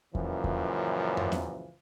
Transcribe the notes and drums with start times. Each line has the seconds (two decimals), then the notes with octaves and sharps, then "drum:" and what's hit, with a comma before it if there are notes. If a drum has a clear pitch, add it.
0.15 C#2 F#2 A#2 E3 F3, drum: kick E2
0.44 drum: kick E2
1.17 drum: tom F2
1.32 drum: snare B3